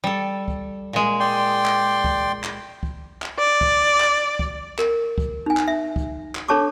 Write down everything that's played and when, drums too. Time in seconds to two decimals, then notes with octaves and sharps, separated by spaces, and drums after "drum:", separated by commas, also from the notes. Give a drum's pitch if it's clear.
0.04 G3 A4
0.48 drum: kick
0.93 A#2 G#3
1.20 D5 G5 C6
1.65 drum: clap
2.04 drum: kick
2.44 drum: clap
2.83 drum: kick
3.22 drum: clap
3.39 D5
3.61 drum: kick
4.00 drum: clap
4.39 drum: kick
4.79 A#4, drum: clap
5.18 drum: kick
5.46 D#4 G#5
5.57 drum: clap
5.68 E5
5.96 drum: kick
6.35 drum: clap
6.48 D4 A4 C#5 A5 C#6 D6